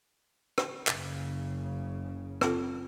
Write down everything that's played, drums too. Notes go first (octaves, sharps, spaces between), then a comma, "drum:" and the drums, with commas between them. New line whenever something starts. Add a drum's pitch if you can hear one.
drum: rim click
F#1 C#3, drum: clap
C4 F4 A4, drum: rim click